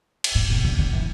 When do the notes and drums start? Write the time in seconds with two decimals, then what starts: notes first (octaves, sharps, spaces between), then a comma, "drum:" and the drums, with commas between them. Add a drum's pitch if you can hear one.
0.24 drum: cymbal
0.35 A2
0.50 C3
0.64 D3
0.79 D3
0.93 E3